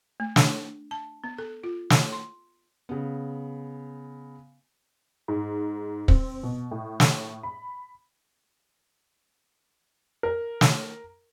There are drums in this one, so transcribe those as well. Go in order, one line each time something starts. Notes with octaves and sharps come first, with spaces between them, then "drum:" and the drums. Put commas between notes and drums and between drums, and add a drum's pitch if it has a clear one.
A3
D4, drum: snare
A5
B3
A4
F4
drum: snare
C6
C#3 B3
G#2
C4, drum: kick
B2
A2
drum: snare
B5
A#4
drum: snare